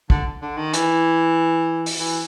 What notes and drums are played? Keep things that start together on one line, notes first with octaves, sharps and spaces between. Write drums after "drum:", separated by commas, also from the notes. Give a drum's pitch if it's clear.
D3, drum: kick
D3
D#3
E3, drum: hi-hat
drum: open hi-hat
E3